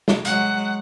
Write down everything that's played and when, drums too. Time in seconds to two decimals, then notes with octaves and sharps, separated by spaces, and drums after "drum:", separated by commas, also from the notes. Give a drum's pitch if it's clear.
0.08 drum: snare
0.25 F#3 G#3 F#5, drum: hi-hat